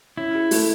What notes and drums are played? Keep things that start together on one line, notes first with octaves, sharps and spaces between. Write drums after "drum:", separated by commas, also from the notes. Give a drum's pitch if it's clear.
C#4 E4
G#4
A3, drum: open hi-hat